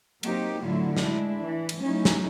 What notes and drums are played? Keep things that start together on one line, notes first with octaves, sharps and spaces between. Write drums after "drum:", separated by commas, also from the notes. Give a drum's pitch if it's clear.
F#3 A#3 C4 D#4 G4, drum: cymbal
A2 D3 F#3 E4 F4
G#3 D4 E4, drum: snare
E3
drum: cymbal
F#3 A3 C#4 D#4 E4
drum: snare